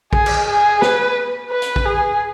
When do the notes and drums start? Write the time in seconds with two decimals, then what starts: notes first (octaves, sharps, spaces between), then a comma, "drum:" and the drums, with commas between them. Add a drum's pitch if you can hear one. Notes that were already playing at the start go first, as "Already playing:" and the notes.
0.13 G#4, drum: kick
0.26 drum: cymbal
0.48 G#4
0.82 B4, drum: snare
1.51 B4
1.62 drum: hi-hat
1.76 drum: kick
1.85 G#4